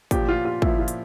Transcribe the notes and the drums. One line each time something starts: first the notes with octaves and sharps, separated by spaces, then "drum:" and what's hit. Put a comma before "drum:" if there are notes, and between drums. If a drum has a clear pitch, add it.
A#2 F3 G4, drum: kick, hi-hat
F4
F4
A#2 F3 E4, drum: kick
F4
drum: hi-hat